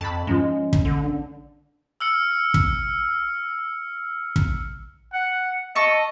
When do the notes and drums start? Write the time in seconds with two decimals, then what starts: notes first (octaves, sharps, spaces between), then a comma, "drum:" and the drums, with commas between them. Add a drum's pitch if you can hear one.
0.01 F2 A5 B5
0.27 G#2 F3 G#3 C#4
0.73 drum: kick
0.85 D3
1.04 D4
2.01 E6 F6 C#7
2.54 drum: kick
4.36 drum: kick
5.13 F#5
5.76 A4 D#5 C#6